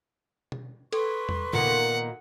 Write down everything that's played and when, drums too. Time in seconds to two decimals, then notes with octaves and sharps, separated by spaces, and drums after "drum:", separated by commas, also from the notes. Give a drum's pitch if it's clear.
0.52 drum: tom B2
0.93 A4 B4 C6 C#6, drum: cymbal
1.29 drum: tom E2
1.53 A#2 D#3 B3 F#5, drum: tom C#3